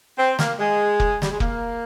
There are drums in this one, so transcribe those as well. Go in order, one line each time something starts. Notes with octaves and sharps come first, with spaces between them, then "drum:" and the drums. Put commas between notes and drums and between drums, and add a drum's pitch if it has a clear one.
C4
A#3, drum: snare
G#3
drum: kick
G3, drum: snare
G#3
A#3, drum: kick